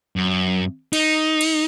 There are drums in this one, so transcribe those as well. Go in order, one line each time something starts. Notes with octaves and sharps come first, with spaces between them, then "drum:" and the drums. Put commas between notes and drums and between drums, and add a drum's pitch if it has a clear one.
F#2
D#4, drum: cymbal
drum: cymbal